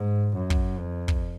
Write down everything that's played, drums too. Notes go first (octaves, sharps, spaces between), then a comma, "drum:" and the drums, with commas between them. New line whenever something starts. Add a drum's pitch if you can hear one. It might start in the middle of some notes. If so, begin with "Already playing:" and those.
Already playing: G#2
F#2
drum: kick
F2
drum: kick